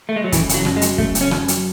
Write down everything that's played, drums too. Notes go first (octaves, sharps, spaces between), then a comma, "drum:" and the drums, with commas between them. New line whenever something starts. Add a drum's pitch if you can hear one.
A3
G#3
F#3
F#2 E3, drum: kick, hi-hat
C#3, drum: hi-hat
F#3
F#2, drum: rim click
G#3
F#3, drum: hi-hat
F#2 A3, drum: kick
C#3, drum: hi-hat
C#4
F#2, drum: rim click
F#3, drum: hi-hat